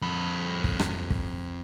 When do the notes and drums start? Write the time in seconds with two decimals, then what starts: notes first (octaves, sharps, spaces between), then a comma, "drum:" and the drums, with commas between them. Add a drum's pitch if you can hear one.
0.02 F2 B5
0.64 drum: kick
0.79 drum: rim click
1.10 drum: kick